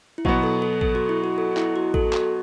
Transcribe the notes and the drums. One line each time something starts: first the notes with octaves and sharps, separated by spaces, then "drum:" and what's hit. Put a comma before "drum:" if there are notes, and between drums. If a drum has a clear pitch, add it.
E4
B2 F#3 B3 F#4, drum: kick A1
A4
A4
A4, drum: kick A1
F#4
E4
F#4
A4
E4, drum: clap
F#4
A4, drum: kick A1
F#4, drum: clap